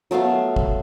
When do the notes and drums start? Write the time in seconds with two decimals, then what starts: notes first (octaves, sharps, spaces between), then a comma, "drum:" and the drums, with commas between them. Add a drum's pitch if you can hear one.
0.11 F#3 A3 B3 F5
0.56 drum: kick